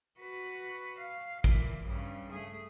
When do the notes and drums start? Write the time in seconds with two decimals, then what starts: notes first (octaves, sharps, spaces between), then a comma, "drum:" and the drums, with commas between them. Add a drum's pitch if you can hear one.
0.19 F#4 B4
0.99 F5
1.44 A#2 E3, drum: kick A1
1.84 G2 C#3
2.32 A3 G#4